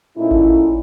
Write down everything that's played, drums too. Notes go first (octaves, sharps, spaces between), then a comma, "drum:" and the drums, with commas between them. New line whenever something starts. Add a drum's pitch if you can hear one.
A#2 A3 C#4 D#4 E4
drum: kick G#1